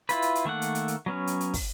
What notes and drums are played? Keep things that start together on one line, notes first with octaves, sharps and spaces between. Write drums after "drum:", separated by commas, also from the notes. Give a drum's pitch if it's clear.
E4 F4 B4, drum: hi-hat
drum: hi-hat
drum: hi-hat
D#3 A3 A#3 F#5
drum: hi-hat
drum: hi-hat
drum: hi-hat
F#3 B3 C#4
drum: hi-hat
drum: hi-hat
drum: kick, open hi-hat